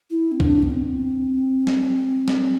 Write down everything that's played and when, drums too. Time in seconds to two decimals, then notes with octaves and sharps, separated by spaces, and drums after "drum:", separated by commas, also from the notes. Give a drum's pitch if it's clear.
0.10 E4
0.32 C4
0.40 D4, drum: kick B1
0.63 B3
0.70 C4
1.67 drum: snare
2.28 drum: snare